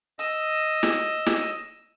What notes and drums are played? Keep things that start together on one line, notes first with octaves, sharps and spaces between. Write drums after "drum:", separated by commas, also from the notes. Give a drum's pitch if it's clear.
D#5 E6, drum: hi-hat
drum: snare
drum: snare